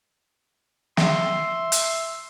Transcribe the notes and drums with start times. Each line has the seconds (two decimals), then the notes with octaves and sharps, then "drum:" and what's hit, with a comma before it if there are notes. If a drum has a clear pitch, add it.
0.97 E5 C6, drum: snare
1.72 drum: hi-hat